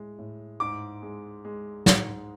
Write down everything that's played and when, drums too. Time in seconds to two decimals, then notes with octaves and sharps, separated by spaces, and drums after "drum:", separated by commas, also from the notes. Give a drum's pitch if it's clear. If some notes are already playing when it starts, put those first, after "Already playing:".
Already playing: A2 G#3
0.18 A2
0.60 G#2 D6
1.02 G#3
1.45 G#3
1.86 G#2, drum: snare